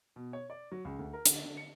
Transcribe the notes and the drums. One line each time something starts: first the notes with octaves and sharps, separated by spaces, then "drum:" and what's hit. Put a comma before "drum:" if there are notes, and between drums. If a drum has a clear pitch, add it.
B2
C#5
D5
F#3
C#2
D2
A#4
D3, drum: hi-hat
D3
C#7